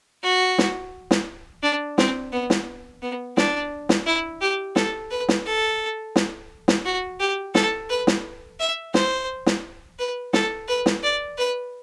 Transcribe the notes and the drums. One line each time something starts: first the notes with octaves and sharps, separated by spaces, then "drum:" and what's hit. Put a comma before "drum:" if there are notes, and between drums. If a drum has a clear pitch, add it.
F#4
drum: snare
drum: snare
D4
C4, drum: snare
B3
drum: snare
B3
D4, drum: snare
drum: snare
E4
G4
A4, drum: snare
B4
drum: snare
A4
drum: snare
drum: snare
F#4
G4
A4, drum: snare
B4
drum: snare
E5
C5, drum: snare
drum: snare
B4
A4, drum: snare
B4
drum: snare
D5
B4